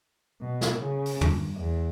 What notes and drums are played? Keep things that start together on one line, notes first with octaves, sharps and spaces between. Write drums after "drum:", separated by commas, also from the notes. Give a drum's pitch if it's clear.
B2
drum: snare
C#3
drum: open hi-hat
G2, drum: tom
E2